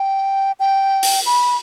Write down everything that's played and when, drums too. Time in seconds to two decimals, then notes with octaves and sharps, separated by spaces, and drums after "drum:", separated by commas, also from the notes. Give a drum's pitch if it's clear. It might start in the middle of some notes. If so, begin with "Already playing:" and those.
Already playing: G5
0.60 G5
1.03 drum: open hi-hat
1.26 B5